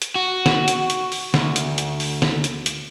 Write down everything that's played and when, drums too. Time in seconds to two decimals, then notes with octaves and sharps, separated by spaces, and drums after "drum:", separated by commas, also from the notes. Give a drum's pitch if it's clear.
0.02 drum: hi-hat
0.15 F#4
0.46 drum: snare
0.68 drum: hi-hat
0.90 drum: hi-hat
1.12 drum: open hi-hat
1.34 D2, drum: snare
1.56 drum: hi-hat
1.78 drum: hi-hat
2.00 drum: open hi-hat
2.22 drum: snare
2.44 drum: hi-hat
2.66 drum: hi-hat